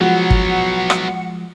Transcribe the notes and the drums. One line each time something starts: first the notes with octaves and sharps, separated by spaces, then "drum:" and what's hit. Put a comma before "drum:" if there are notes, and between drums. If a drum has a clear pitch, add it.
F3 F#3 G#3 B3 F#4 F#5
drum: kick
drum: rim click